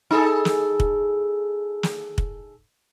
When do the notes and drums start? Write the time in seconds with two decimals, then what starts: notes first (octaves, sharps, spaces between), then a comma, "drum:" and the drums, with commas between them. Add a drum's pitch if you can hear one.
0.11 D#4 G#4 A4
0.45 drum: snare
0.80 drum: kick
1.83 drum: snare
2.18 drum: kick